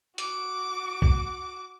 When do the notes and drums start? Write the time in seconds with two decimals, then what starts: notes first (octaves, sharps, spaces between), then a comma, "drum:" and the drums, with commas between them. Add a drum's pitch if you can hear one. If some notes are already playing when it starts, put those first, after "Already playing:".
0.18 F#4 D6, drum: hi-hat
1.02 drum: kick B1